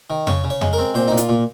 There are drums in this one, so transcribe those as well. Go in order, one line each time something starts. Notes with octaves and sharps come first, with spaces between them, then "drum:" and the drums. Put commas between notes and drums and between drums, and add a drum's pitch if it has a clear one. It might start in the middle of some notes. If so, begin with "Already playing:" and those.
D#3
C#3 C#5, drum: tom F2
C#3
C#5
G#3, drum: tom F2
A#4
C4
A#2 C5
A#2 D#4
F4, drum: hi-hat
A#2